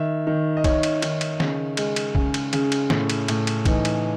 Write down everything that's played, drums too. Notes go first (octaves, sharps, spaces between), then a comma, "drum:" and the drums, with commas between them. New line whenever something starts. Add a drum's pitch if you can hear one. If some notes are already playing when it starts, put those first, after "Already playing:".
Already playing: D#3 E5
D#3
D#5
D#3 C#5, drum: kick, cymbal
drum: cymbal
D#3, drum: cymbal
drum: cymbal
C#3, drum: snare
G#3, drum: cymbal
drum: cymbal
C#3, drum: kick
drum: cymbal
C#3, drum: cymbal
drum: cymbal
A2, drum: snare
drum: cymbal
A2, drum: cymbal
drum: cymbal
E3 D#4, drum: kick, cymbal
drum: cymbal